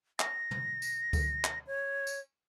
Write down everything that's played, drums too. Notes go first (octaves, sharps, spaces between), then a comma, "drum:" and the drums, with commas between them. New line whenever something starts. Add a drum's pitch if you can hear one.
A#6, drum: clap
drum: tom
drum: tambourine
drum: kick D2, tambourine
drum: clap
C#5
drum: tambourine